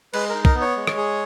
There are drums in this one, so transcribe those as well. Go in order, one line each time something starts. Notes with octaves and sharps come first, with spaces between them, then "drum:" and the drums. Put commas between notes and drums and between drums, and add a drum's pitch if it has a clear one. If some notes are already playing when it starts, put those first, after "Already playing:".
G#3 B4, drum: cymbal
D#4 A#4
A#4, drum: kick
B3
C#5
G#3
drum: rim click
G#4